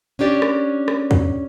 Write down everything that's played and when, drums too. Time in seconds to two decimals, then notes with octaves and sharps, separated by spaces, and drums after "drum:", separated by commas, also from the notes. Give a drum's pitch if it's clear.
0.19 C#4 D4 G4 D5
0.42 drum: rim click
0.88 drum: rim click
1.11 drum: kick